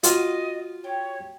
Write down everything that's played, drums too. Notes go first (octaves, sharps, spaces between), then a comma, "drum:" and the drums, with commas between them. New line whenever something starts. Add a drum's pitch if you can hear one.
F4 F#4 D#5, drum: hi-hat
G4 C#5